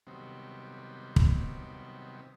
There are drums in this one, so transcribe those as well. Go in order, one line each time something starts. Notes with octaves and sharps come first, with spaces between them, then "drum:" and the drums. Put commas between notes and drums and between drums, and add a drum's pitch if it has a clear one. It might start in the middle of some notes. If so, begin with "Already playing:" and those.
C3 D#3 F#3 G3 B3 C4
drum: kick